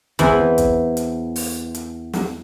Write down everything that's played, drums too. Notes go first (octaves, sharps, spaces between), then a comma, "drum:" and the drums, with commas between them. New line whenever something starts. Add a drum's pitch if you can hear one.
E2 E3 E4 C5, drum: kick, hi-hat
drum: kick, hi-hat
drum: hi-hat
drum: open hi-hat
drum: hi-hat
drum: snare